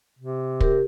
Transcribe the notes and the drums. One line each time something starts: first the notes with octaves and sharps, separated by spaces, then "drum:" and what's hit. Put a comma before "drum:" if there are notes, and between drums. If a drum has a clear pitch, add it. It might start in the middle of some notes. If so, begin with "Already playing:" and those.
C3
G4 A#4, drum: kick